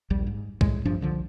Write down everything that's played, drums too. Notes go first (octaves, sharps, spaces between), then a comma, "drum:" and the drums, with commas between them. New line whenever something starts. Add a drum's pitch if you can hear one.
A#1 D#2 G3
G#2
C2 A2 G#3, drum: kick
G1 G2 F3 D4
C2 D3 F3